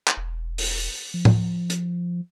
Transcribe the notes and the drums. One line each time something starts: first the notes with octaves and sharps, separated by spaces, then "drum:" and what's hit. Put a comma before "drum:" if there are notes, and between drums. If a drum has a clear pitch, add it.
drum: clap
E1
drum: open hi-hat
F3
drum: tom A2
drum: hi-hat